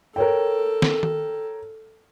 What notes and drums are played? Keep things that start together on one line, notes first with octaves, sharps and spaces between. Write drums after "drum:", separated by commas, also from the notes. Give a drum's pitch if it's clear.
A4 A#4 C#5 G5
drum: snare
drum: tom D#3